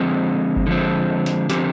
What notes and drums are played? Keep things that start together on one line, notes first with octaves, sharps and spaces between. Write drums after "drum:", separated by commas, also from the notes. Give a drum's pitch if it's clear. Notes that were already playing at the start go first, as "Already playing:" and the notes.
Already playing: D3 F3 G#3 C4
drum: kick G1
D3 F3 G#3 C4
drum: snare
D3 F3 C4 G4, drum: snare